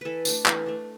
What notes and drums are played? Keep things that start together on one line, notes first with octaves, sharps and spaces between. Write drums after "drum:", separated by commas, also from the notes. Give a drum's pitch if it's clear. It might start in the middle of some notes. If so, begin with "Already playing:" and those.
E3 A4 B4
A3 D4, drum: tambourine
E3, drum: clap
A3 D4